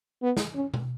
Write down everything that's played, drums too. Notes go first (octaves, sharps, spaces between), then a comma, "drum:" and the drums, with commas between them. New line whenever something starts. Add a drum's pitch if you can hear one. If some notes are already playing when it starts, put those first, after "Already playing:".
B3
drum: snare
C#4
drum: tom B2